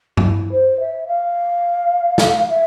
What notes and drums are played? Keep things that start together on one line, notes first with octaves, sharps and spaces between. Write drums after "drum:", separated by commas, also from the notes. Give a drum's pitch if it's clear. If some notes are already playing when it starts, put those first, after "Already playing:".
F4, drum: tom G2
E4
C5
E5
F5
drum: snare
E5